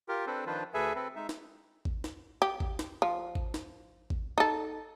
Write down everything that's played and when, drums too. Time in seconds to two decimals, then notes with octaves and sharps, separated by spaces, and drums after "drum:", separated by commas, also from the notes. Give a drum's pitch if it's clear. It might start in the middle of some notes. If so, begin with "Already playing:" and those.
0.08 F4 G4 A#4
0.27 C4 D4 A4 B4 C5
0.46 D#3 F3 D4 F4 B4 C5
0.74 D2 G#4 A4 B4 E5 G#5
0.95 C4 A4 B4
1.16 G#3 D#4 E5
1.29 drum: snare
1.85 drum: kick G#1
2.04 drum: snare
2.42 G4
2.60 drum: kick G#1
2.79 drum: snare
3.02 F3
3.35 drum: kick G#1
3.54 drum: snare
4.10 drum: kick G#1
4.38 D#4 A4